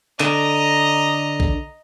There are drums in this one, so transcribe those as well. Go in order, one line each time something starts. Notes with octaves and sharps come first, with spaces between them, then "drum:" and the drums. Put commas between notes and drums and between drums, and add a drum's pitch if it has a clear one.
D3 D#5 A#5, drum: clap
drum: kick A#1